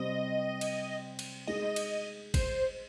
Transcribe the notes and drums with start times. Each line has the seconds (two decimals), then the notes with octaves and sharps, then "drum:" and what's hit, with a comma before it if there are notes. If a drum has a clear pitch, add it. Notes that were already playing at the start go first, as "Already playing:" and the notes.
Already playing: C3 G3 C4 D#5
0.61 drum: cymbal
1.19 drum: cymbal
1.47 G#3 D#4 G#4 D#5
1.76 drum: cymbal
2.34 C5, drum: kick G1, cymbal